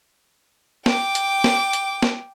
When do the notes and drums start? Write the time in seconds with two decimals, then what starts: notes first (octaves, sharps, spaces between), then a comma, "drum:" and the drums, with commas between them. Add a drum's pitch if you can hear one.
0.86 G5 D6, drum: snare
1.15 drum: hi-hat
1.44 drum: snare
1.73 drum: hi-hat
2.02 drum: snare